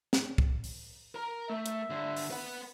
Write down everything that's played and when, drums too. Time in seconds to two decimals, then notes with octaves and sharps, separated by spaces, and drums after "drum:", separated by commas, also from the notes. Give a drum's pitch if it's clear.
0.13 drum: snare
0.38 drum: kick
0.64 drum: open hi-hat
1.15 A#4 A#5
1.50 A3 E5
1.66 drum: hi-hat
1.90 G2 D3
2.17 drum: open hi-hat
2.31 B4 F#5